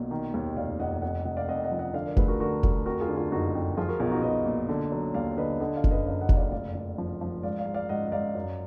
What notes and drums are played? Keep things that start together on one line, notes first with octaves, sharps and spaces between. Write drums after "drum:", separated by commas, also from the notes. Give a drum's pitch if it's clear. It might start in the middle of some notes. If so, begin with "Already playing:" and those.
Already playing: B1 A#2
D#3
D#2
F1 D5 F5
F1 D#5 F#5
F2 D#5 F#5
F1 D#5 F#5
D5 F5
F2 D#5 F#5
D#5 F#5
F3
D#5 F#5
D3 D5 F5
A#4 D5
D2 G#4 B4, drum: kick F1
F#4 A#4
D3 F#4 A#4
D2, drum: kick F1
F2 F#4 A#4
F4 G#4
D3
F4 G#4
F#1 D#4 F#4
F2
F3 F4 G#4
F#4 A#4
B1 F4 G#4
D#4 F#4
B1 B4 D#5
A#2
D3
F#3
D#2 D5 F5
D3 B4 D#5
D3 D#5 F#5
D5 F5
F#1, drum: kick F1
B4 D#5
F#2 D5 F5
D#5 F#5
F#1, drum: kick F1
D5 F5
F1 D5 F5
F1
F3
F3
G#2 D5 F5
D5 F5
G#2
D5 F5
G#2 D#5 F#5
D#5
G#2 D5 F5
F#2